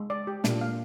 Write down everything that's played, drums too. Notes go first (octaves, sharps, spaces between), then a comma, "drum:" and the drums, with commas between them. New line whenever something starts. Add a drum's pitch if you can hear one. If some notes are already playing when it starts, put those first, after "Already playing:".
Already playing: G#3
D5
G4
A#2 D4, drum: snare
F5